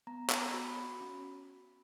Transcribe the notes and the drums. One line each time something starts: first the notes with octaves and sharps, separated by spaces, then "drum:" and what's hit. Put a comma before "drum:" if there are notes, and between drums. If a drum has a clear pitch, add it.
B3 A#5
B3, drum: clap
F#4 B5
F#4
C#4